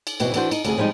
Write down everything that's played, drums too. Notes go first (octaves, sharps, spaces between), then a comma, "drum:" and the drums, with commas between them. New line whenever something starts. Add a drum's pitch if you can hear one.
drum: cymbal
D#2 B2 E3 C4, drum: cymbal
E3 D4 F#4 C5, drum: cymbal
D#4, drum: cymbal
D2 C3 G#4, drum: cymbal
F3 G3 G#3 C4 D#4